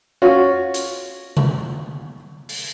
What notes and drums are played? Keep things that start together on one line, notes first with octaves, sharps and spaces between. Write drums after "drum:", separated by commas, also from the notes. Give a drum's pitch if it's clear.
C#4 F4 F#4
drum: hi-hat
drum: tom C3
drum: open hi-hat